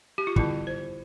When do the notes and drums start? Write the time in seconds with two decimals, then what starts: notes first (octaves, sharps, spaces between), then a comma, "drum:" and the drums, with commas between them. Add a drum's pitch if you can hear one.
0.18 G4
0.27 F4
0.36 D3 G3 B3 E4, drum: kick
0.67 C5